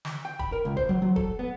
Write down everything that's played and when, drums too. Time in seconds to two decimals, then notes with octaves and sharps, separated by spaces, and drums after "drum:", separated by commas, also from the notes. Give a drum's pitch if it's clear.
0.05 drum: snare
0.25 G5
0.39 B5, drum: kick
0.52 A#4
0.65 C#2
0.77 C5, drum: kick
0.89 F#3
1.02 F#3
1.16 A4, drum: kick
1.39 B3